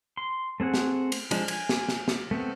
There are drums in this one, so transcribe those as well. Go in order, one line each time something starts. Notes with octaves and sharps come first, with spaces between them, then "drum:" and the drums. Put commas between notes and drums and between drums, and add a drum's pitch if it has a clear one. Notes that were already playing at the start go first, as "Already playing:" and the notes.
C6
A3 C4 G#4 F#5
drum: snare
drum: cymbal
F3 G#3 D4, drum: cymbal
G#5, drum: cymbal
drum: snare
drum: snare
drum: snare
A3 B3 C4